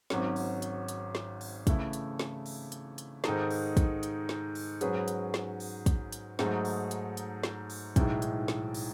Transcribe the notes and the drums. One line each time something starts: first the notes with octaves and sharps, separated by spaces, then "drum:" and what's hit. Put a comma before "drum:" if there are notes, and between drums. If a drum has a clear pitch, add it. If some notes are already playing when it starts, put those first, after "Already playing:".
G#1 G#2 F#3 C#4, drum: snare
drum: open hi-hat
drum: hi-hat
drum: hi-hat
drum: snare
drum: open hi-hat
C#3 E3 A3 E4, drum: kick, hi-hat
drum: hi-hat
drum: snare
drum: open hi-hat
drum: hi-hat
drum: hi-hat
G#2 D#3 G#3 D#4 A4, drum: snare
drum: open hi-hat
drum: kick, hi-hat
drum: hi-hat
drum: snare
drum: open hi-hat
G#2 F#3 C#4 G#4 B4, drum: hi-hat
drum: hi-hat
drum: snare
drum: open hi-hat
drum: kick, hi-hat
drum: hi-hat
G#2 F#3 A3 D#4 G#4, drum: snare
drum: open hi-hat
drum: hi-hat
drum: hi-hat
drum: snare
drum: open hi-hat
B1 A2 E3 G#3 D#4, drum: kick, hi-hat
drum: hi-hat
drum: snare
drum: open hi-hat